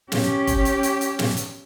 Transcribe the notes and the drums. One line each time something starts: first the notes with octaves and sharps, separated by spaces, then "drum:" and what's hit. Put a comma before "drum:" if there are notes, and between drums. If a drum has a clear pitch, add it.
C#4 G4, drum: snare
drum: kick, hi-hat
drum: hi-hat
drum: hi-hat
drum: hi-hat
drum: snare
drum: hi-hat